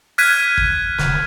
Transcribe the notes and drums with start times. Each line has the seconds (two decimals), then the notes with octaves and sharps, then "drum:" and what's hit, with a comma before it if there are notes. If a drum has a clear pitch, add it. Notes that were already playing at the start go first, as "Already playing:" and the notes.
0.18 F6 F#6 G#6 B6 D#7, drum: open hi-hat
0.58 drum: kick
0.98 drum: snare